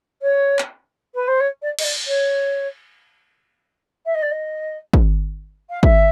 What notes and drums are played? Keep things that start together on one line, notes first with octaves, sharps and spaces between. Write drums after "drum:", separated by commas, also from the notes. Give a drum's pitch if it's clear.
C#5
drum: clap
B4
C5
C#5
D5
D#5, drum: cymbal
D5
C#5
E5
D#5
D5
D#5
drum: kick
F5
E5, drum: kick